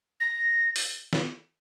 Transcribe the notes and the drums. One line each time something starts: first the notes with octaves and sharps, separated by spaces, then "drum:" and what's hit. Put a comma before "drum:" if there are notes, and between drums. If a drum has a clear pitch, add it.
A#6
drum: open hi-hat
drum: snare